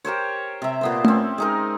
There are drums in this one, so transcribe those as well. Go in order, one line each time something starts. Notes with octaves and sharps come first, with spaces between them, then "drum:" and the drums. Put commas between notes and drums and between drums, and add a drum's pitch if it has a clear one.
G4 A#4 C5 C#5
C3 E5
A#2 B3 C5
C4 C#4, drum: tom A3
G#3 D#4 A#4